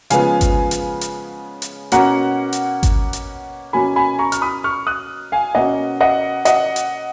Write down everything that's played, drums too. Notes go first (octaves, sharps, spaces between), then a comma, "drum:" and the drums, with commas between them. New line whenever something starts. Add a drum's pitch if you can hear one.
C#3 F3 G#3 B3 F5 G#5, drum: hi-hat
drum: kick G#1, hi-hat
drum: hi-hat
drum: hi-hat
drum: hi-hat
B2 A#3 C#4 F#5 A#5, drum: hi-hat
drum: hi-hat
drum: kick G#1, hi-hat
drum: hi-hat
B2 F#3 A#3 C#4 G#5 B5
G#5 B5
A#5 C#6
F6, drum: hi-hat
B5 D#6
C#6 F6
D#6 F#6
F5 G#5
B2 A#3 C#4 D#5 F#5
D#5 F#5
D#5 F#5, drum: hi-hat
drum: hi-hat